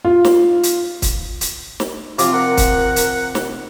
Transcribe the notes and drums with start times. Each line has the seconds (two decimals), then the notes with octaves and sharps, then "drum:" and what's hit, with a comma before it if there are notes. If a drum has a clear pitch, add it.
0.05 F4
0.25 drum: snare
0.63 drum: hi-hat
1.02 drum: kick C#1, hi-hat
1.41 drum: hi-hat
1.80 drum: snare
2.19 C3 F3 F4 D6, drum: hi-hat
2.33 A#4 F#5
2.57 drum: kick C#1, hi-hat
2.96 drum: hi-hat
3.35 drum: snare